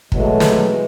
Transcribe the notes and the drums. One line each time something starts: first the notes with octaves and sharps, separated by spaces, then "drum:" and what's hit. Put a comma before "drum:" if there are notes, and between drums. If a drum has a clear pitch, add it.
B2 E3 F#3 G#3 A3, drum: kick
drum: snare